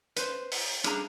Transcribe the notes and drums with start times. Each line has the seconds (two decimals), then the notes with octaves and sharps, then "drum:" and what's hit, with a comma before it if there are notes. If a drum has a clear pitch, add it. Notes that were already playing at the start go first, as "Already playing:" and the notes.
0.16 B4 C5, drum: hi-hat
0.51 drum: open hi-hat
0.84 G3 D4 G#4 A#5, drum: hi-hat